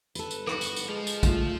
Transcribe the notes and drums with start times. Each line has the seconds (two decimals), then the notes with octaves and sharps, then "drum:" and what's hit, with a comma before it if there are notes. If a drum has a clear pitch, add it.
0.15 G1 A4 B4, drum: tambourine
0.31 drum: tambourine
0.47 F#4, drum: rim click
0.61 drum: tambourine
0.76 drum: tambourine
0.88 F3 G#3
1.07 drum: tambourine
1.23 A3 F4, drum: kick A#1, tambourine